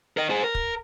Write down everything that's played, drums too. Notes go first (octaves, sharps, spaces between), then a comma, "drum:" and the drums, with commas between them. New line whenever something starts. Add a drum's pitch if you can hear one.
A#4 D#5
G#4 C5
A#4
drum: kick